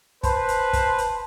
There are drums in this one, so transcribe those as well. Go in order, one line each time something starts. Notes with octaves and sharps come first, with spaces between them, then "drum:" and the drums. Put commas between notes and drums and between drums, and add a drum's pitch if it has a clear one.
B4 C5 A5, drum: kick, hi-hat
drum: hi-hat
drum: kick, hi-hat
drum: hi-hat